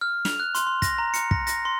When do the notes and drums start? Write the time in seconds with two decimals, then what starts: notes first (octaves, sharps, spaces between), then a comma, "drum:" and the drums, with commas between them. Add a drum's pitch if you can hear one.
0.01 F6
0.25 F7, drum: snare
0.40 F#6
0.55 C6, drum: hi-hat
0.67 C6
0.82 A#6, drum: kick, hi-hat
0.98 A#5
1.14 C#7, drum: hi-hat
1.31 A#6, drum: kick
1.47 A#6, drum: hi-hat
1.65 C6